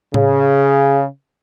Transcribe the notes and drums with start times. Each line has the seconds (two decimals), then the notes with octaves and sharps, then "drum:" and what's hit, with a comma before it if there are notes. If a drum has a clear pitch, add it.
0.14 C#3, drum: tom A2